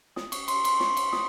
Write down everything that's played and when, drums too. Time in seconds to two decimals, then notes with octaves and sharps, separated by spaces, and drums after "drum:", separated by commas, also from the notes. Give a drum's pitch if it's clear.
0.16 D#6, drum: snare
0.32 C#6, drum: cymbal
0.48 C6, drum: cymbal
0.65 C6, drum: cymbal
0.80 C#6, drum: snare
0.97 drum: cymbal
1.13 D#6, drum: snare